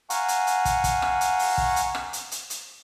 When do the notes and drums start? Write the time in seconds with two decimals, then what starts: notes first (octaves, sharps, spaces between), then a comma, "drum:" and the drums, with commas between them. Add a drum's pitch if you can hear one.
0.10 F5 F#5 G#5 A#5 C#6, drum: hi-hat
0.28 drum: hi-hat
0.47 drum: hi-hat
0.65 drum: kick, hi-hat
0.84 drum: kick, hi-hat
1.02 drum: rim click
1.21 drum: hi-hat
1.39 drum: open hi-hat
1.58 drum: kick
1.76 drum: hi-hat
1.95 drum: rim click
2.13 drum: hi-hat
2.32 drum: hi-hat
2.50 drum: hi-hat